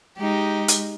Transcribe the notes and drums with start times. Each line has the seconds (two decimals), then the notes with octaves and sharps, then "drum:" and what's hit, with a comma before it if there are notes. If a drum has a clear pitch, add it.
0.17 G#3 D#4 G4
0.68 drum: hi-hat